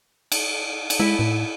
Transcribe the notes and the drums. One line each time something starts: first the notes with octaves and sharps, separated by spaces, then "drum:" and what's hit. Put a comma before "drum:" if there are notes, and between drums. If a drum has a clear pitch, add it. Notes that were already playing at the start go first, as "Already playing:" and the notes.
drum: cymbal
drum: cymbal
G#3 E4
A2